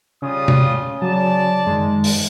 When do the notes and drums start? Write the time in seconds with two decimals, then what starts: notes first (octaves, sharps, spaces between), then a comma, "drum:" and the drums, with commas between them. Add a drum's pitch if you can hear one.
0.22 C#3 G3 F4 D#6
0.48 drum: tom C3
1.02 F#3 D5 A5
1.66 F#2 D#3 G#3
2.04 drum: open hi-hat